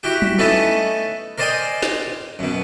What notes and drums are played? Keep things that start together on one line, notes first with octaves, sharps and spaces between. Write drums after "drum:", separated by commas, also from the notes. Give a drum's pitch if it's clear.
E4 F#4 G4 G5
drum: tom F#3
A3 B3 C#4 D#4 E4 A4
A#4 C5 D5 D#5 G5 G#5
drum: snare
F#2 B2